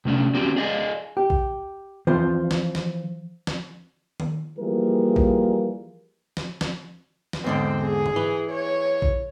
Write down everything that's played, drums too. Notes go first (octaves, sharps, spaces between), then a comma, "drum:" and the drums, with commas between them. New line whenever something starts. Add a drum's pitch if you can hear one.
C3 A3 C#4 D4
C4 C#4 F#4 G4 D5
G#4 D5 D#5 F5 G#5
G4
drum: kick A1
E3 F3 C4 F4 C5
drum: snare
drum: snare
drum: snare
drum: tom D#3
E3 F3 G3 A#3 G#4 A#4
drum: kick A1
drum: snare
drum: snare
drum: snare
E2 G#2 D3 C4
G#4
drum: tom G#2
E3
C#5
drum: kick A1